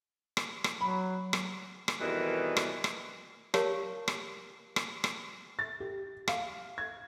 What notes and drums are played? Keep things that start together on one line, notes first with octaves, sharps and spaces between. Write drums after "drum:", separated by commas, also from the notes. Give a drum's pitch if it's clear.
drum: rim click
drum: rim click
F#3 B5
drum: rim click
drum: rim click
F2 B2 D#3 E3 G3
drum: rim click
drum: rim click
G4 A#4 C#5 F5 A5, drum: rim click
drum: rim click
drum: rim click
drum: rim click
A6
G4
F5, drum: rim click
G#6